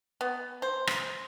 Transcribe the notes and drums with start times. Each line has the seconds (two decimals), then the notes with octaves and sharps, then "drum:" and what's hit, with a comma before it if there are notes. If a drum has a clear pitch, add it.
0.21 B3
0.62 C5
0.87 drum: rim click